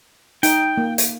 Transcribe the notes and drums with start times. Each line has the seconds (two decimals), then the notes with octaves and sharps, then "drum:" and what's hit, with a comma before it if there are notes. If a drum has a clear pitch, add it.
0.43 D#4 G5, drum: hi-hat
0.77 A#3
0.98 drum: hi-hat